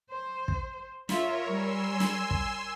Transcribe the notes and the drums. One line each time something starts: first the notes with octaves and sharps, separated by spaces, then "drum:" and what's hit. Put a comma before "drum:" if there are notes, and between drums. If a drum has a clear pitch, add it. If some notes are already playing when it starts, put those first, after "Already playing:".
C5
drum: kick
F4 A#4 C#5 E5, drum: snare
G3 G#5 C6 E6
drum: snare
drum: kick